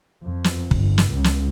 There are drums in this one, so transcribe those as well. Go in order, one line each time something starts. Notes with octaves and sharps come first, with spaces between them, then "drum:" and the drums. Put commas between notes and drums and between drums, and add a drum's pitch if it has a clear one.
F2
drum: snare
G1, drum: kick
drum: snare
C#2
drum: snare